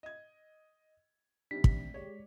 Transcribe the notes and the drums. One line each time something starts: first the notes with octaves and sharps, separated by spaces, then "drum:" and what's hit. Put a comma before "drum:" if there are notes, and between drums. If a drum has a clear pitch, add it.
D#5 G#6
C3 G3 D4 D#4 B6
drum: kick
G#3 G4 C#5 D5